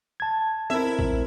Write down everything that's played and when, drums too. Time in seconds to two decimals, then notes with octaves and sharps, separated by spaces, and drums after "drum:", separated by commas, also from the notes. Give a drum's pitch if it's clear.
0.20 A5 G#6
0.70 C4 E4 A#4 E5
0.99 drum: kick A#1